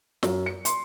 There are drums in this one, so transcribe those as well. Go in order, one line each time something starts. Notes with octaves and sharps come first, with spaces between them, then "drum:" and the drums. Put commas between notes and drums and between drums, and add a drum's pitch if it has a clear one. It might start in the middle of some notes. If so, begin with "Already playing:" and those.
F#2, drum: snare
C#7
C6, drum: hi-hat